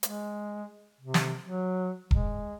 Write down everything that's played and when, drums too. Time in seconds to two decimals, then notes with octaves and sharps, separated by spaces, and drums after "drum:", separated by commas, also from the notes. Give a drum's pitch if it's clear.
0.03 G#3, drum: hi-hat
1.01 C3
1.14 drum: snare
1.44 F#3
2.11 G#3, drum: kick E1